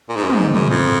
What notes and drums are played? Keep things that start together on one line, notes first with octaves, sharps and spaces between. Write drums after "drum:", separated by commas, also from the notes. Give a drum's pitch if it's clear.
A#2
G#2
F#2
G#2, drum: tom
F#2, drum: tom
F2